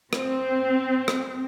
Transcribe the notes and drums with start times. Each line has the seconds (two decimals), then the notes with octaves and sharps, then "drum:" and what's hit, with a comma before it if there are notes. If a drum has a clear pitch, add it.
0.13 C4, drum: rim click
1.08 drum: rim click